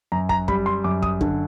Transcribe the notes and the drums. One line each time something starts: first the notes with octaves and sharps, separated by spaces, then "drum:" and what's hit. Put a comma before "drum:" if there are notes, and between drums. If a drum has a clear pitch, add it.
F#2 A#5
A#5, drum: kick
G3 B5, drum: kick
C6
F#2 D6
D#6, drum: kick
D3, drum: kick